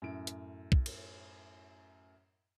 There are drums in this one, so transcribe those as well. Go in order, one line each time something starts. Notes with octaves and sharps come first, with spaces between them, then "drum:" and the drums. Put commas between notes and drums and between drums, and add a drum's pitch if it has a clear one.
F#2 A2 D7
drum: hi-hat
drum: kick
drum: cymbal